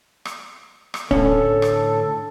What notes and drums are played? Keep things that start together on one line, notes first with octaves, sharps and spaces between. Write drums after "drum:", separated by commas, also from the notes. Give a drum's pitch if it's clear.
drum: rim click
drum: rim click
A2 D3 C#4 A4, drum: kick
drum: rim click